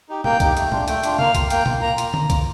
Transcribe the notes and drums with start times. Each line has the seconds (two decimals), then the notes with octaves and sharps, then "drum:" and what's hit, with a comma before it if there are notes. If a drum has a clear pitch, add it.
0.09 D#4 G4
0.24 A#3 G5, drum: tom A2
0.40 D#4 G4, drum: kick, hi-hat
0.57 A3, drum: hi-hat
0.72 D4 F4, drum: tom A2
0.88 A3 G5, drum: hi-hat
1.03 D4 F4, drum: hi-hat
1.19 A#3 F5, drum: tom
1.35 F4, drum: kick, hi-hat
1.50 A#3 G5, drum: hi-hat
1.66 F4, drum: tom
1.82 A#3 A#5
1.98 F4, drum: hi-hat
2.14 A#3, drum: tom D3
2.30 F4, drum: kick, hi-hat